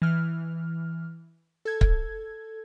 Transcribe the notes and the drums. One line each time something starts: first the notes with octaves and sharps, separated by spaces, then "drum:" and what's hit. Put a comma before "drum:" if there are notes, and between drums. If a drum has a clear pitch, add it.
E3 F6
A4 G#6
drum: kick